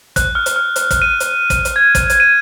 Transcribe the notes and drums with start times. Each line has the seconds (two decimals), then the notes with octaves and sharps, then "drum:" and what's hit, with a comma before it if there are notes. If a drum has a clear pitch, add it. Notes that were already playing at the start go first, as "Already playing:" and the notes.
0.16 F#6, drum: kick, hi-hat
0.35 F6
0.46 drum: hi-hat
0.56 F6
0.76 drum: hi-hat
0.91 drum: kick, hi-hat
1.02 D#7
1.20 drum: hi-hat
1.50 drum: kick, hi-hat
1.65 drum: hi-hat
1.76 G#6
1.95 drum: kick, hi-hat
2.10 drum: hi-hat
2.20 D#7